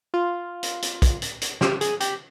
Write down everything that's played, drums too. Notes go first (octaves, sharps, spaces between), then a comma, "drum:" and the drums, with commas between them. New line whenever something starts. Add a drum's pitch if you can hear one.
F4
drum: hi-hat
drum: hi-hat
drum: kick, hi-hat
drum: hi-hat
drum: hi-hat
G4, drum: snare
G#4, drum: hi-hat
G4, drum: hi-hat